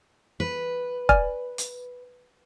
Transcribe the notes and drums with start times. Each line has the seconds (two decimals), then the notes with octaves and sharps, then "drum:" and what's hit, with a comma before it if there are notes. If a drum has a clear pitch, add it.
0.40 B4
1.09 D5 G#5 F6, drum: kick
1.58 drum: hi-hat